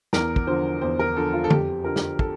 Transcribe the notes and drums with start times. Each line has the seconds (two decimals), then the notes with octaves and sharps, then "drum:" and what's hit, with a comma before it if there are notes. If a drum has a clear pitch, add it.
0.13 E2 A#4, drum: snare
0.36 drum: kick
0.47 D3 F3 C5
0.81 E2 C5
0.99 A#4
1.16 D3 F3 A4
1.33 F4
1.44 A4
1.50 F2 G4, drum: tom
1.84 D3 F3 A#4
1.96 drum: snare
2.19 A4, drum: kick